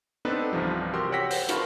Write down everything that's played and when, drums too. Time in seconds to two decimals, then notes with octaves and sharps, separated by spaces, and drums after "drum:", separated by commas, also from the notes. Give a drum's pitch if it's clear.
0.25 B3 C4 D4 D#4 A4 B4
0.52 C2 G2 E3 F3 G3
0.94 F#4 G4 A#4 C6 E6
1.12 C#5 F#5 G5 E6 A#6 B6
1.31 C5, drum: open hi-hat
1.49 F4 F#4 A#4 A5 B5 C#6, drum: hi-hat